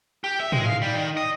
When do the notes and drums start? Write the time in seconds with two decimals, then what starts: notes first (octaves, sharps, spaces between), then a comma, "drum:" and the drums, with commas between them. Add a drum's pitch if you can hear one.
0.24 G4
0.40 E5
0.52 G#3, drum: tom
0.66 F5
0.82 G3
0.95 D#3
1.17 D#5